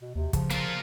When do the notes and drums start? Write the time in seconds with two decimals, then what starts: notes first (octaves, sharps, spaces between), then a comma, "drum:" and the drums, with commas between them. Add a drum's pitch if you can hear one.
0.02 B2
0.15 D#2 C3
0.33 C#3 F3, drum: kick, hi-hat
0.50 A#3 F4, drum: hi-hat